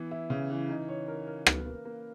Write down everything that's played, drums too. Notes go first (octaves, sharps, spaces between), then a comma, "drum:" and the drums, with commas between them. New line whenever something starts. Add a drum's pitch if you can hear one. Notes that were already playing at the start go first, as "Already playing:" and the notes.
Already playing: E3 B3
E4
C#3
E3
D#4
C#5
A#4
A#4
B4, drum: rim click
A#3
A#3